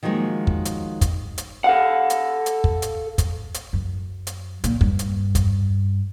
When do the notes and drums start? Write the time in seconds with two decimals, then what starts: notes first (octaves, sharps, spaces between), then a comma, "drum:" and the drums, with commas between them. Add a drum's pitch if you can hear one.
0.03 D#3 F3 F#3 G#3 A#3
0.47 drum: kick
0.65 drum: hi-hat
1.01 drum: kick, hi-hat
1.38 drum: hi-hat
1.64 A4 F5 F#5
2.10 drum: hi-hat
2.46 drum: hi-hat
2.64 drum: kick
2.82 drum: hi-hat
3.18 drum: kick, hi-hat
3.54 drum: hi-hat
3.73 F#2
4.27 drum: hi-hat
4.64 A#2, drum: hi-hat
4.81 G2, drum: kick
4.99 drum: hi-hat
5.35 drum: kick, hi-hat